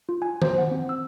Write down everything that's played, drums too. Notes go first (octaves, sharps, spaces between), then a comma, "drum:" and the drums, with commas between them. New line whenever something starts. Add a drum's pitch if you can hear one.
F4
G#5
C5, drum: tom D#3
F#5
C4
E6